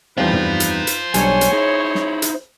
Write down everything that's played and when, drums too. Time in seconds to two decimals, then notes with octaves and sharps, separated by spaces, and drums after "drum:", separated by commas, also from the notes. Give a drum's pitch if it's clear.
0.18 E2 G3 C4 D#4 B4 C5 F5
0.33 drum: tom
0.60 drum: hi-hat
0.87 drum: hi-hat
1.14 B1 G3 D4 C#5 G#5, drum: hi-hat
1.41 drum: hi-hat
1.53 D#4 E4 G#4
1.95 drum: snare
2.22 drum: hi-hat